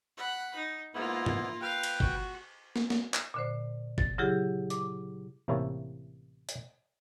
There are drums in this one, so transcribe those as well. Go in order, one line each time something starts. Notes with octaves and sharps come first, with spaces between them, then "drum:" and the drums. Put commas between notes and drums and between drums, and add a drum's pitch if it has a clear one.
F#5 B5
D#4
G#2 A#3 B3 E4 F4
drum: tom
B4 F5 G5
drum: cymbal
F#4, drum: kick
drum: snare
drum: snare
drum: clap
A#2 D3 C5
A6, drum: kick
C#3 F#3 E4 G4 G#4
D6, drum: hi-hat
A1 C3 A#3 E4 C#5 A5
drum: hi-hat